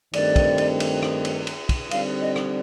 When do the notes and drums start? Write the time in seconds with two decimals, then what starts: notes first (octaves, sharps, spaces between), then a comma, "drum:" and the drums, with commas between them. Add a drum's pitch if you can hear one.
0.13 G2 D#3 A3 C4 D5, drum: cymbal
0.36 drum: kick, cymbal
0.58 drum: cymbal
0.80 drum: cymbal
1.02 drum: rim click
1.25 drum: cymbal
1.47 drum: cymbal
1.69 drum: kick, cymbal
1.91 D3 G3 C4 D#4 F5, drum: cymbal
2.21 D#5
2.36 drum: rim click